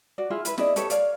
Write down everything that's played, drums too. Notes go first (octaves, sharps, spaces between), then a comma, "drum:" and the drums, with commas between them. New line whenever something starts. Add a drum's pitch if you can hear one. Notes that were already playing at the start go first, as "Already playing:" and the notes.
F#4 D5
E4 F4 G#4
E4 B4, drum: hi-hat
E4 G#4 D5 D#5, drum: snare
G4 A4 B4 C#5, drum: hi-hat
C#5 D5 F5, drum: hi-hat